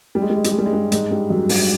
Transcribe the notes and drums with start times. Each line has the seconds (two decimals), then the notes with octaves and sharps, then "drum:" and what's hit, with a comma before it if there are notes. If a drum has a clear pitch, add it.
0.15 G3
0.22 G#3
0.30 G3
0.37 G#3
0.44 G3, drum: hi-hat
0.51 G#3
0.58 G3
0.66 G#3
0.73 G2 G3
0.92 G#2 G#3, drum: hi-hat
1.11 G2 G3
1.30 F#2 F#3
1.49 G2 G3, drum: open hi-hat